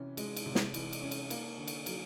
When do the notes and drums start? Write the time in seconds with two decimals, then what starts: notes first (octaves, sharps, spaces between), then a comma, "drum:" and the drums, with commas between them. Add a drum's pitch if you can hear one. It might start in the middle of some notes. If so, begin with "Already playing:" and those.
Already playing: C3 E3 C#4
0.17 G#3, drum: cymbal
0.36 drum: cymbal
0.46 C3
0.55 drum: snare
0.74 E3, drum: cymbal
0.93 drum: cymbal
1.02 C#4
1.11 drum: cymbal
1.30 A#3, drum: cymbal
1.58 D3
1.68 drum: cymbal
1.86 F#3, drum: cymbal